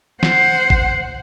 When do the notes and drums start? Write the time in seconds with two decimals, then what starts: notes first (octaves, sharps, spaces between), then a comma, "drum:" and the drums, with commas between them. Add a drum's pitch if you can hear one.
0.23 C5 F#5, drum: snare
0.70 drum: kick